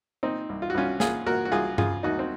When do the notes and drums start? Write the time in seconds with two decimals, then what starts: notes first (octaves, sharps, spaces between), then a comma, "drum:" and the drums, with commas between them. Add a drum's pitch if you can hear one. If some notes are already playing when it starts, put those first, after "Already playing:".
0.23 A#2 C4 D#4
0.49 C2
0.62 F4
0.70 F#4
0.74 C2 C#4 F4
1.00 A#2 F4 G#4, drum: snare
1.26 A#2 F#4 A#4
1.45 F#4
1.52 C2 F4 G#4
1.78 C#3 F4 G#4, drum: tom G2
2.03 D#2 D#4 F#4
2.19 C4